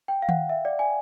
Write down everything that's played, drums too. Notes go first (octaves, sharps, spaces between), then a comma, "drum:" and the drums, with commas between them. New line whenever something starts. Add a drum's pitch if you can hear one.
G5
F5
F#5, drum: tom D#3
E5
D5
G#5